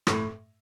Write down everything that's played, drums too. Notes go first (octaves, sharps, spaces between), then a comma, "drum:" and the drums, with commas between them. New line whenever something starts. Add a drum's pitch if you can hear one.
A2, drum: rim click